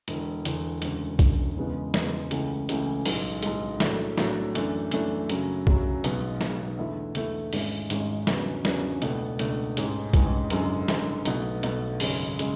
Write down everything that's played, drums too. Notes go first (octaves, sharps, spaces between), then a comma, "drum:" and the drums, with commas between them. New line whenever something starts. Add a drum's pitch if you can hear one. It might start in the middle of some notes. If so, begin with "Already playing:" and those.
E1 E2 D3, drum: hi-hat
E1 E2 D3, drum: hi-hat
E1 D2 C#3, drum: hi-hat
E1 D2 C#3, drum: kick, hi-hat
E1 E2 C#3 G#3 B3
E1 E2 C#3 G#3 B3, drum: snare
C#2 C#3 E3 A3 C#4, drum: hi-hat
C#2 C#3 E3 A3 C#4, drum: hi-hat
B1 A2 G#3, drum: open hi-hat
B1 A2 G#3, drum: hi-hat
A2 F#3 A3 D4, drum: snare
A2 F#3 A3 D4, drum: snare
F#2 E3 A3 D4, drum: hi-hat
F#2 E3 A3 D4, drum: hi-hat
F#2 C#3 F#3, drum: hi-hat
F#2 C#3 F#3, drum: kick
B1 B2 G#3, drum: hi-hat
B1 B2 G#3, drum: snare
E2 D3 A3 E4
E2 D3 A3 E4, drum: hi-hat
G#1 G#2 G#3 C#4 E4, drum: open hi-hat
G#1 G#2 G#3 C#4 E4, drum: hi-hat
E2 C#3 F#3 B3 D4, drum: snare
E2 C#3 F#3 B3 D4, drum: snare
C#2 B2 A3 D4, drum: hi-hat
C#2 B2 A3 D4, drum: hi-hat
A1 G#2 G#3 C#4, drum: hi-hat
A1 G#2 G#3 C#4, drum: kick, hi-hat
F#1 F#2 D3 G#3, drum: hi-hat
F#1 F#2 D3 G#3, drum: snare
B1 B2 A3, drum: hi-hat
B1 B2 A3, drum: hi-hat
G#1 F#2 C#3 G#3 C#4, drum: open hi-hat
C#3 G#3, drum: hi-hat